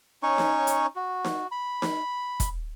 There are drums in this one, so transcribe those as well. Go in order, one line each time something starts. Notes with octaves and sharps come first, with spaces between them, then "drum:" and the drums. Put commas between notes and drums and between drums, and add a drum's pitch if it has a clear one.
C#4 D#4 C#5 C#6
drum: snare D#4
drum: hi-hat
F#4
drum: snare D#4
B5
drum: snare D#4
drum: kick E1, hi-hat